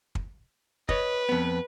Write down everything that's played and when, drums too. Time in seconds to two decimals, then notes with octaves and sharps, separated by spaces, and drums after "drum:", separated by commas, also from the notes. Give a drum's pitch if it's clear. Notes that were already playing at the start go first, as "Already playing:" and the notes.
0.15 drum: kick
0.89 B4 C#5 D#5, drum: kick
1.29 F2 B3